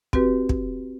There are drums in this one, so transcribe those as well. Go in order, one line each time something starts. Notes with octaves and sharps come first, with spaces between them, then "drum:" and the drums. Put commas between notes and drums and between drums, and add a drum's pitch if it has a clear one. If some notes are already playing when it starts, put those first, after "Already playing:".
C4 F#4 G4 B4, drum: kick
drum: kick